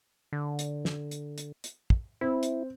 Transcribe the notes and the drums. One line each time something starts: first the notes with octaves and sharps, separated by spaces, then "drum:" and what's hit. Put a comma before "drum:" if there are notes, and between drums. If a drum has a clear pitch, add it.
D3
drum: hi-hat
drum: snare
drum: hi-hat
drum: hi-hat
drum: hi-hat
drum: kick
C4 E4
drum: hi-hat